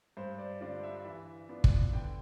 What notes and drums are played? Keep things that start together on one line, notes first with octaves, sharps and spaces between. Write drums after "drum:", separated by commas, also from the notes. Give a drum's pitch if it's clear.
G2 C5
D5
D3 G3 D4 F4 D5
E5
E3 E5
B3 D4 F4
drum: kick
D3 G5